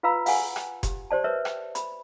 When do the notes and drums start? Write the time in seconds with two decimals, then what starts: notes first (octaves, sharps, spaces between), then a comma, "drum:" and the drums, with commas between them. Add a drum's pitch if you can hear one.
0.03 F4 B4 F5 A#5 B5 E6
0.26 F5 F#5 G#5, drum: open hi-hat
0.56 drum: rim click
0.83 G4, drum: kick F1, hi-hat
1.11 G4 C5 D5 A5
1.24 A#4 B4 C#5 D5 E5
1.45 drum: rim click
1.75 B5, drum: hi-hat